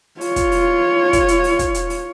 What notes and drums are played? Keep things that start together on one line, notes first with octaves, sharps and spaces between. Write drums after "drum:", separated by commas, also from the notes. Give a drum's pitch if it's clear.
F4 C#5, drum: open hi-hat
drum: kick, hi-hat
drum: open hi-hat
drum: kick, hi-hat
drum: hi-hat
drum: open hi-hat
drum: kick, hi-hat
drum: hi-hat
drum: open hi-hat